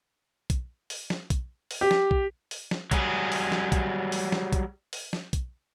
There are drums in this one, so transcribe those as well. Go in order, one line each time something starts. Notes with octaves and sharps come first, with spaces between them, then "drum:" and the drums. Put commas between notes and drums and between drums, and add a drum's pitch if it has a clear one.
drum: kick B1, hi-hat
drum: open hi-hat
drum: snare
drum: kick B1, hi-hat
drum: open hi-hat
G4
drum: snare
drum: kick B1
drum: open hi-hat
drum: snare
F#3 G3 G#4, drum: kick B1, hi-hat
drum: open hi-hat
drum: snare
drum: kick B1, hi-hat
drum: open hi-hat
drum: snare
drum: kick B1, hi-hat
drum: open hi-hat
drum: snare
drum: kick B1, hi-hat